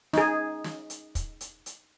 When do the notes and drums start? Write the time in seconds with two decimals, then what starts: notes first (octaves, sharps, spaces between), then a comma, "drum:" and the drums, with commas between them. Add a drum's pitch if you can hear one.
0.13 D#4 G#4, drum: snare
0.64 drum: snare
0.90 drum: hi-hat
1.15 drum: kick, hi-hat
1.41 drum: hi-hat
1.66 drum: hi-hat